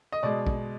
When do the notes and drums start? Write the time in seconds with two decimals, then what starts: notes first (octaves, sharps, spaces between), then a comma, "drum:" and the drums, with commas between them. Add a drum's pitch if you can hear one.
0.12 D#5
0.23 B2 G#3 D5
0.47 drum: kick